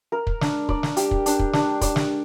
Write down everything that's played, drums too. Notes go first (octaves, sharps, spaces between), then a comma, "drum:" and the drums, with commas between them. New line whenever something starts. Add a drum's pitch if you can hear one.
A#4
drum: kick
D4, drum: snare
D5, drum: kick
drum: snare
G4, drum: hi-hat
drum: kick
D4, drum: hi-hat
drum: kick
D4, drum: snare
D5, drum: kick, hi-hat
drum: snare